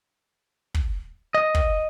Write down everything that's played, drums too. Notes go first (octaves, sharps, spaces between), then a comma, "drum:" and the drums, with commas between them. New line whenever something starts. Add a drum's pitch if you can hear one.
drum: kick
D#5
drum: kick